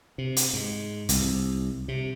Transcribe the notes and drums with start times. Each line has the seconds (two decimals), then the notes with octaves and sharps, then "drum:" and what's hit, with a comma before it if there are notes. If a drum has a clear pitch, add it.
0.18 C3
0.37 drum: hi-hat
0.53 G#2
1.09 C2, drum: hi-hat
1.88 C3